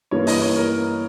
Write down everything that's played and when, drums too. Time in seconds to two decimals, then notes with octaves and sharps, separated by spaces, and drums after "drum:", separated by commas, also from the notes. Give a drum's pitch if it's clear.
0.11 G2 E3 A#3 C#5
0.27 D#5, drum: open hi-hat
0.42 C#5
0.56 A#4